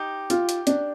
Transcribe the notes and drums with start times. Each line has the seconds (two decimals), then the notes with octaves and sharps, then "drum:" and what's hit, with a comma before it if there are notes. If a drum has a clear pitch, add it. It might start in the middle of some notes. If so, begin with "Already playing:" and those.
Already playing: D#4 G4
0.30 F4, drum: hi-hat
0.49 drum: hi-hat
0.67 D4, drum: hi-hat